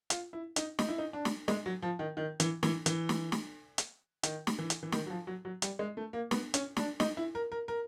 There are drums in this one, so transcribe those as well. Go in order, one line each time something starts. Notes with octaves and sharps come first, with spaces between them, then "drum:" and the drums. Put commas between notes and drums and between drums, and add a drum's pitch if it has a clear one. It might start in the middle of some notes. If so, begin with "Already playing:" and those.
F4, drum: hi-hat
E4
D#4, drum: hi-hat
D#4, drum: snare
E4
D#4
D4
drum: snare
G#3, drum: snare
F#3
F3
D#3
D#3
E3, drum: hi-hat
E3, drum: snare
E3, drum: hi-hat
drum: snare
drum: snare
drum: hi-hat
D#3, drum: hi-hat
drum: snare
E3
drum: hi-hat
E3
D#3, drum: snare
F#3
F3
F#3
F#3
G3, drum: hi-hat
G#3
A3
A#3
B3, drum: snare
C#4, drum: hi-hat
D4, drum: snare
D#4, drum: snare
E4
A#4
A#4
A#4